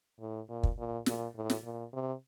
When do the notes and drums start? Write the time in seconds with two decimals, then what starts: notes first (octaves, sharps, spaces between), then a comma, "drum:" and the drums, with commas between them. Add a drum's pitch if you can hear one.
0.20 A2
0.49 A#2
0.63 drum: kick
0.78 A#2
1.06 A#2, drum: snare
1.35 A2
1.50 drum: snare
1.64 A#2
1.93 C3